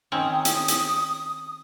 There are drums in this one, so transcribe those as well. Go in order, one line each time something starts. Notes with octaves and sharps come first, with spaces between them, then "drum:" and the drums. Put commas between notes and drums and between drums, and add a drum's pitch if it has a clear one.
D#3 C4 C#4 D#6
drum: hi-hat
drum: hi-hat